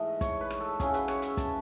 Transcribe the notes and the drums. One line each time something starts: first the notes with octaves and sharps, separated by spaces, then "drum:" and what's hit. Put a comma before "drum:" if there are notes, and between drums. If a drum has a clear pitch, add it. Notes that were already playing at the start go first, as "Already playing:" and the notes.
Already playing: G#2 E3 A3 D#5
C#5, drum: kick, hi-hat
B4
drum: rim click
A4
C#3 F#3 C#4 E4 G#4, drum: kick, hi-hat
B4, drum: hi-hat
C#5, drum: rim click
E5, drum: hi-hat
A5, drum: kick, hi-hat